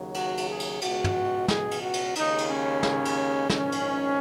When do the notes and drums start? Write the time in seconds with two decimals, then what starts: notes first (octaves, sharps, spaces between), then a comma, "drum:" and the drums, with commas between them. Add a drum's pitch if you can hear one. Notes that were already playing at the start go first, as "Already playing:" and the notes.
Already playing: D#2 C#3 F#3
0.14 F#4, drum: cymbal
0.37 drum: cymbal
0.48 G#4
0.60 drum: cymbal
0.82 C#2 B2 G#3 F#4, drum: cymbal
1.04 drum: tom
1.48 G#4, drum: snare
1.71 drum: cymbal
1.82 F#4
1.94 drum: cymbal
2.15 D#2 C#3 G#3 D#4, drum: cymbal
2.38 drum: cymbal
2.49 C#4
2.83 drum: snare
3.05 drum: cymbal
3.50 A#1 G#2 D#3 C#4, drum: snare
3.72 drum: cymbal